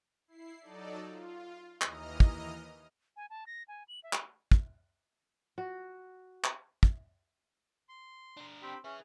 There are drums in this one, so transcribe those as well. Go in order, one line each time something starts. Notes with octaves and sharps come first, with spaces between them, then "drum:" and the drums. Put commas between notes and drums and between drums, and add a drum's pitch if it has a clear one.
E4 C7
F#3 D#4 A4 D5
F4
D#2 E3 D#5 A#5 D#6 F6, drum: clap
drum: kick
G#5
A5
A#6
G#5
F#7
E5
drum: clap
drum: kick
F#4
drum: clap
drum: kick
C6
D4 A#4
C4 G4 B5
C#4 G#4 B4 E5